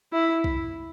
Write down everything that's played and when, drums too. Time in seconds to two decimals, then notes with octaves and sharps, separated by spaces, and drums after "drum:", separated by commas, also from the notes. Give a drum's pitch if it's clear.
0.13 E4
0.44 drum: kick